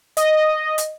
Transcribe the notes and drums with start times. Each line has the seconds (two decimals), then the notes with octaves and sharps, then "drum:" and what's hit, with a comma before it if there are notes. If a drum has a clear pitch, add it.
0.17 D#5, drum: hi-hat
0.78 drum: hi-hat